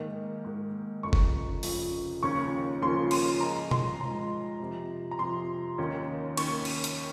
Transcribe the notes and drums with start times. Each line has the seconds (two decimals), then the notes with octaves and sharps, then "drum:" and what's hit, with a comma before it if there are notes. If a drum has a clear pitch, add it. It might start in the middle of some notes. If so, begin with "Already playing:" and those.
Already playing: G#2 D#3 A#3
0.44 G#2 D#3 A#3
1.03 F1 F2 C#3 F3 C#6
1.13 drum: kick F#1
1.63 F1 F2 C#3 F3, drum: open hi-hat
2.23 D#2 C#3 F3 A#3 C#4 C#6
2.82 D#2 C#3 F3 A#3 C#4 C6
3.11 C6, drum: cymbal
3.41 G#2 F3 G#3 A#5
3.71 C6, drum: tom
4.01 G#2 F3 G#3 A#5
4.60 F2 C3 F3
5.11 A#5
5.19 F2 C3 F3 C6
5.78 D#2 D#3 A#3 C#4
6.37 D#2 D#3 A#3 C#4 C#6, drum: cymbal
6.65 drum: cymbal
6.84 drum: hi-hat